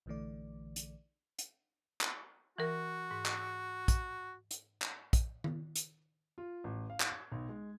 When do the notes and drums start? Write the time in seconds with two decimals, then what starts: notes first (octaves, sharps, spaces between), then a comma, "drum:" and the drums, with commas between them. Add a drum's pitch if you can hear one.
0.06 A#1 D3 E3 A3 D5
0.76 drum: hi-hat
1.39 drum: hi-hat
2.01 drum: clap
2.58 E3 F#4 A#4
3.11 G#2
3.26 drum: clap
3.88 drum: kick, hi-hat
4.51 drum: hi-hat
4.82 drum: clap
5.13 drum: kick, hi-hat
5.44 drum: tom D#3
5.75 drum: hi-hat
6.38 F4
6.64 A1
6.90 F5
7.00 drum: clap
7.10 G#6
7.32 B1
7.49 G#3